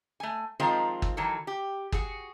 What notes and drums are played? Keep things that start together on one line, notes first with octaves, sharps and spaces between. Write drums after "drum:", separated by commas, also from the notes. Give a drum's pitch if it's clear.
A3 G#5
D#3 F3 G#3 C4 F4 A#4
drum: kick
D#3 E3 F#3 A4
G4
F#4 G#4, drum: kick